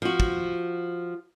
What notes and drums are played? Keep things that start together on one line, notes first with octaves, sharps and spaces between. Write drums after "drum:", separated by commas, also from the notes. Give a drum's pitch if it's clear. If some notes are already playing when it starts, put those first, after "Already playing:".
F3 F#4
drum: kick